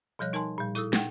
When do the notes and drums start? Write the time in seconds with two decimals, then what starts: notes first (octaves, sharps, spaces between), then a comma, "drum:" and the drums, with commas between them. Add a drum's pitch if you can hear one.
0.19 B2 F3 G3 C#5 F#6
0.33 D#4 A#4 G#5 A5 C6
0.58 A#2 G3
0.75 E4 A4 D#6 E6, drum: tambourine
0.93 D#4 F#5 G5, drum: snare